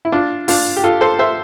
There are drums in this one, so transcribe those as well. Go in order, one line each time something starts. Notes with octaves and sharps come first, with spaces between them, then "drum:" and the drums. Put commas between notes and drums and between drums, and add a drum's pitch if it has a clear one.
E4
D4 F4
D4 F4, drum: open hi-hat
G4
F4 A4
A4 C5
C5 E5